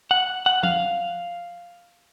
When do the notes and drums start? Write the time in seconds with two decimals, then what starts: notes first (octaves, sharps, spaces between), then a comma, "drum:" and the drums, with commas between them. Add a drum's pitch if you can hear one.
0.11 F#5
0.46 F#5
0.63 F5, drum: tom F3